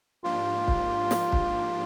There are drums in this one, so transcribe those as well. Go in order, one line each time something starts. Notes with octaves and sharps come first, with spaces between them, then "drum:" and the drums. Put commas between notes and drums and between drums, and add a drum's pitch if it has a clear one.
G#2 F3 A#3 D4 F4 G4
drum: kick
drum: snare
drum: kick